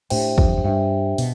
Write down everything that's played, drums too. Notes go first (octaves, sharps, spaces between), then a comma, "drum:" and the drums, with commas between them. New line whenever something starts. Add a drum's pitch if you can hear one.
A2 D4 G4 C5 E5 G5, drum: cymbal
F2, drum: kick
F2
G2 D4 G4 C5 E5 G5
B2, drum: open hi-hat